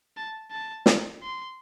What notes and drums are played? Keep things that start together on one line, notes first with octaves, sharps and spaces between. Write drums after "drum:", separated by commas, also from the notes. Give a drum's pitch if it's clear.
A5
A5
drum: snare
C6